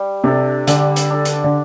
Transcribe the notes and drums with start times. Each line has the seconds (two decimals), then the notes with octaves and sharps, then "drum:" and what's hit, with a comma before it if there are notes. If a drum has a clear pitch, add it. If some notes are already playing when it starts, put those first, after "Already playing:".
Already playing: G3
0.24 C3 D4 A4
0.67 D3 G3, drum: hi-hat
0.96 drum: hi-hat
1.10 D4 A4
1.25 drum: hi-hat
1.44 D3